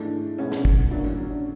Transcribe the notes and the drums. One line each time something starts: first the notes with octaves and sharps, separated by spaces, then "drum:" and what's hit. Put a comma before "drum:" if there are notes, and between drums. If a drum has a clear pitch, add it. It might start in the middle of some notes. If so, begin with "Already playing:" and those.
Already playing: G#2 E3 A3 D4
B2 G#3 B3 C#4
drum: snare
drum: kick
A2 F#3 A#3 D4
C#4
C#4
D4